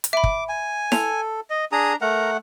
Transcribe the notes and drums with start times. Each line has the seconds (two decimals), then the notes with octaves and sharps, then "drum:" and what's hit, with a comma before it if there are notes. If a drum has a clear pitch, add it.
0.04 drum: hi-hat
0.13 E5 B5 D6
0.24 drum: kick
0.49 G#5
0.92 A4 F7, drum: snare E4
1.50 D#5
1.72 D4 G#4 A#5 D#6
2.01 A3 A#4 F#5 A#5